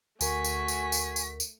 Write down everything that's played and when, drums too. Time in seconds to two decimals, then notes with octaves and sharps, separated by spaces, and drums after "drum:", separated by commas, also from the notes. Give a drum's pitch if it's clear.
0.21 D2 A3 F#4 A#4 G#5 C#6 B6, drum: tambourine
0.44 drum: tambourine
0.68 drum: tambourine
0.92 drum: tambourine
1.16 drum: tambourine
1.40 drum: tambourine